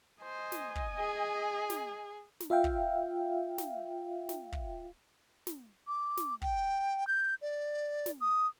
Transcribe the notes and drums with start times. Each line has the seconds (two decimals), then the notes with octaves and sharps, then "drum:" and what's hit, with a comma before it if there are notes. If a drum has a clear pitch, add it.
0.22 C5 D#5 G#5
0.52 drum: snare
0.75 drum: kick
0.99 G#4
1.70 drum: snare
2.40 drum: snare
2.50 F4 E5 F5 G5
2.64 drum: kick
3.58 drum: snare
4.29 drum: snare
4.52 drum: kick
5.47 drum: snare
5.87 D6
6.17 drum: snare
6.42 G5, drum: kick
7.08 G6
7.42 D5
8.06 drum: snare
8.21 D#6